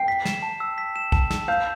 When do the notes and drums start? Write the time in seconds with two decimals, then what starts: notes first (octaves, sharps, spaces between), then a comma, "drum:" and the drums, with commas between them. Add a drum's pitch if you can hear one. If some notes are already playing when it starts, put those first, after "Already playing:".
Already playing: G5 C7
0.08 B6
0.25 E7, drum: snare
0.42 A5
0.60 E6
0.78 B6
0.96 E7
1.12 A5, drum: kick B1
1.30 E6, drum: snare
1.48 F5 G6